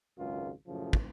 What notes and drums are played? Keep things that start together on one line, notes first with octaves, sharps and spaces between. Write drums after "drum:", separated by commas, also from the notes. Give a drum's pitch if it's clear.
G#1 C#2 F#2 F4
F#2 A2 C#3 F3
drum: kick